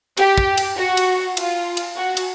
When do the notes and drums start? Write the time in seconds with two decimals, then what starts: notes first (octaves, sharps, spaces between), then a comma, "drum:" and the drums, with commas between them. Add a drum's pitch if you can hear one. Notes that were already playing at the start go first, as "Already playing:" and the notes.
0.17 G4, drum: cymbal
0.38 drum: kick
0.57 drum: cymbal
0.77 F#4
0.97 drum: cymbal
1.37 F4, drum: cymbal
1.77 drum: cymbal
1.97 F#4
2.17 drum: cymbal